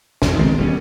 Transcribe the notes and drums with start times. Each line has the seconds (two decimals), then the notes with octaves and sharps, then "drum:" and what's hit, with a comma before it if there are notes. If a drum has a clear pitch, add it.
0.22 B1 F2 F#3, drum: snare
0.39 D#3 G#3 B3 C4
0.58 E1 G3 C#4